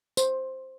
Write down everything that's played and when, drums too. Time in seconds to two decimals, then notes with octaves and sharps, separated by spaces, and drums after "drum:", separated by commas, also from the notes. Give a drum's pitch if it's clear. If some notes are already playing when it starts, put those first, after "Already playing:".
0.17 C5, drum: tambourine